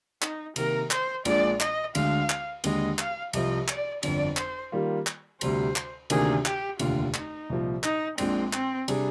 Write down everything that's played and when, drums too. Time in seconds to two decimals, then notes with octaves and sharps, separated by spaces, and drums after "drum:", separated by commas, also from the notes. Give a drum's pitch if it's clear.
0.22 D#4, drum: clap
0.56 C3 D#3 A#3 A#4, drum: cymbal
0.91 C5, drum: clap
1.25 A#1 A#2 G#3 D4 G#4 D5, drum: cymbal
1.60 D#5, drum: clap
1.95 D2 D3 G#3 F5, drum: cymbal
2.30 drum: clap
2.64 D#2 D3 G#3 D#5, drum: cymbal
2.99 F5, drum: clap
3.33 C2 C3 F3 D#5, drum: cymbal
3.68 D5, drum: clap
4.03 G1 F2 D3 D5, drum: cymbal
4.37 C5, drum: clap
4.72 D#3 G3 A#3 F4
5.07 drum: clap
5.41 D2 C3 G3 C5, drum: cymbal
5.76 drum: clap
6.10 D2 C3 D#3 A#3 D4 G#4, drum: cymbal
6.45 G4, drum: clap
6.79 F1 D#2 D3 F4, drum: cymbal
7.14 D#4, drum: clap
7.50 C2 A#2 F3
7.83 D#4, drum: clap
8.18 A#1 A#2 G#3 C4 D4, drum: cymbal
8.53 C4, drum: clap
8.88 C3 G3 D4 G#4, drum: cymbal